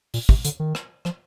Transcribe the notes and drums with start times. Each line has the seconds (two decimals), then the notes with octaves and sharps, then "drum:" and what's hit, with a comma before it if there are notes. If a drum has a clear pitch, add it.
0.14 A#2, drum: open hi-hat
0.29 C3, drum: kick
0.44 D3, drum: hi-hat
0.60 D#3
0.75 drum: rim click
1.05 F3, drum: rim click